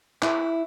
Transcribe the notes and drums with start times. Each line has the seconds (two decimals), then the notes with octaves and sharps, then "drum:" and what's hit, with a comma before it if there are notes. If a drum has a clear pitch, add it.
0.22 E4, drum: clap